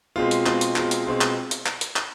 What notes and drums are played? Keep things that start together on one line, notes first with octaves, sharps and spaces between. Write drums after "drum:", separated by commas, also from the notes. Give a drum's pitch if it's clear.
B2 G#3 C4 F4
drum: hi-hat
B2 G#3 C4 F4, drum: clap
drum: hi-hat
B2 G#3 C4 F4, drum: clap
drum: hi-hat
B2 G#3 C4 F4
drum: clap
drum: hi-hat
drum: clap
drum: hi-hat
drum: clap